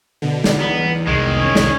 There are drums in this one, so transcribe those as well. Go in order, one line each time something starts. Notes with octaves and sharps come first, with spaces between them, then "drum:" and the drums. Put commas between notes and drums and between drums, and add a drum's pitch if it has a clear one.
B2 D3
drum: snare
E2 B3 A#5 B5
C2 F2 C3 D#3 G#3
C#4
drum: snare